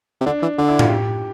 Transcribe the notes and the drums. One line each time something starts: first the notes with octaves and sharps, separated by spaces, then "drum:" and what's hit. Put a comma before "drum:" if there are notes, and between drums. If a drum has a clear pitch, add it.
C3
D3 D4
E3
D3 D4
E4
F4, drum: tom A2
G4